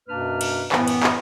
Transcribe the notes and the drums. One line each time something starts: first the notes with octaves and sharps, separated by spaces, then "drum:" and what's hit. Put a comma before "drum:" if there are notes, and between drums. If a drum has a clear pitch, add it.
F#2 B2 A#3 D4 B4 F6
drum: cymbal
F#2 A2 E3 B3, drum: clap
drum: cymbal
drum: clap